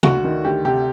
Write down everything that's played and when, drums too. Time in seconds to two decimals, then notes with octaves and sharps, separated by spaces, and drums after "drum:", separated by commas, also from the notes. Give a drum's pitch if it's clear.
0.03 D2 F#4, drum: tom C3
0.24 D#3
0.45 D2 G4
0.65 C3 G4